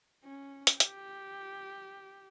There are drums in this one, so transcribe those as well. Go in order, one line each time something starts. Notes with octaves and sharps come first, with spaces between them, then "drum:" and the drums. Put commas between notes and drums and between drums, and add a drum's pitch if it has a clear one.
C#4
drum: hi-hat
G4, drum: hi-hat